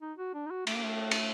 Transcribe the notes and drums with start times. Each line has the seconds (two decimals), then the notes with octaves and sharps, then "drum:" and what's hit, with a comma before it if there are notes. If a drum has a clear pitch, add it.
0.01 D#4
0.18 F#4
0.34 D4
0.46 D#4
0.50 F#4
0.67 A3, drum: cymbal
0.75 A#3
0.85 A3
1.11 drum: cymbal